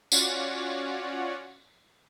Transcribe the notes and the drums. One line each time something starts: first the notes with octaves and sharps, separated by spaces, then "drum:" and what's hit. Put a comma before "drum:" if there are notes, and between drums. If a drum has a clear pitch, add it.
C#4 F4 F#4 C#5 D5 F#5, drum: tambourine